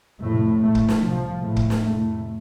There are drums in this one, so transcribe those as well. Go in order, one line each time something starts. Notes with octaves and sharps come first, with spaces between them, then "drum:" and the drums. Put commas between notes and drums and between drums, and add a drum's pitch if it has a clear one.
F2 A2 C3 A3
A2 A3
drum: kick
drum: snare
C2 C3 F3
A2 A3
drum: kick
drum: snare
F2 A2 C3 A3